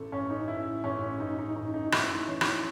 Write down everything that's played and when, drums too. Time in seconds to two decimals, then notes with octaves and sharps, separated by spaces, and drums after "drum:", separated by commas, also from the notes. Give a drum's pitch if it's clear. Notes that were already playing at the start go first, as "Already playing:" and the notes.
Already playing: A1 A4
0.12 A1 C#4
0.30 D#4
0.48 A1 E4
0.84 A1 C#4
1.20 A1 D#4
1.38 D#4
1.56 A1 D#4
1.74 D#4
1.92 A1 E4, drum: rim click
2.10 D#4
2.28 E3 C#4
2.41 D#4, drum: rim click
2.47 E4